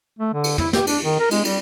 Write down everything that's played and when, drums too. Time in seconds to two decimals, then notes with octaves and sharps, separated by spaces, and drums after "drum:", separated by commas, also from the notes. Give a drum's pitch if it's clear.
0.19 A3
0.33 D3
0.44 drum: cymbal
0.58 E4, drum: tom
0.73 G4, drum: snare
0.87 D4, drum: cymbal
1.04 D#3
1.19 A#4
1.31 G#3, drum: cymbal
1.45 G3, drum: cymbal